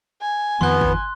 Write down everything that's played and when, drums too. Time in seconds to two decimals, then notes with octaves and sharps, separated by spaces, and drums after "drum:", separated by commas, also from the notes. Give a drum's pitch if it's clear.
0.22 G#5
0.61 F2 D#3 F3 B3 C6 F#6
0.81 drum: kick